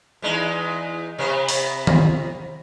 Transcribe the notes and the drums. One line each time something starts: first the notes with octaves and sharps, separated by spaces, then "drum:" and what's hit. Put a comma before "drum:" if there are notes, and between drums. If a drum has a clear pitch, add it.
E2 G#3 D#4
C3 B3
drum: open hi-hat
drum: tom D#3